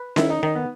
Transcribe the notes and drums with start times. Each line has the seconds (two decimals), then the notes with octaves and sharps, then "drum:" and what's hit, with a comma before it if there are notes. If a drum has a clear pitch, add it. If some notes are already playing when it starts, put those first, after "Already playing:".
Already playing: B4
0.16 D#3 E4, drum: snare C#4
0.30 D#4
0.43 D#3 D#4
0.55 B3